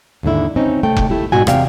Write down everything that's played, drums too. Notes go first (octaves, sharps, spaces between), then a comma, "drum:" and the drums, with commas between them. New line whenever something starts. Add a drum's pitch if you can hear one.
D#2 G#2 D3 E4
C4 C#4 D#4
C3 A3 G5
drum: kick F1
D#2 A3 E4 G4
G#2 B2 F#4 G#5
E2 C3 G4 D5 F5 G5, drum: rim click